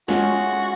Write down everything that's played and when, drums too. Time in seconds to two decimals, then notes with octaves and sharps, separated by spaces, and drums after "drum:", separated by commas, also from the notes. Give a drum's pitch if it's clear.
0.08 G#3 C#4 F4 F#4, drum: snare